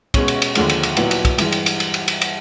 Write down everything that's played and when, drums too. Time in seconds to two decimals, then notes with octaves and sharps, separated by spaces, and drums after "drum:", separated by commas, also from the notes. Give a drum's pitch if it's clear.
0.14 B2 G#3 C#4, drum: kick, cymbal
0.28 drum: cymbal
0.42 drum: cymbal
0.55 D#2 D3 F3 G#3, drum: cymbal
0.69 drum: cymbal
0.83 drum: cymbal
0.97 A#2 F#3 B3 E4, drum: cymbal
1.11 drum: cymbal
1.25 drum: kick, cymbal
1.38 G2 E3 G#3, drum: cymbal
1.52 drum: cymbal
1.66 drum: cymbal
1.80 drum: cymbal
1.94 drum: cymbal
2.08 drum: cymbal
2.22 drum: cymbal